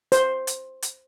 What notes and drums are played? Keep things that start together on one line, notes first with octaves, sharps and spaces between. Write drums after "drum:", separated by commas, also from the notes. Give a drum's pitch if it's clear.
C5, drum: hi-hat
drum: hi-hat
drum: hi-hat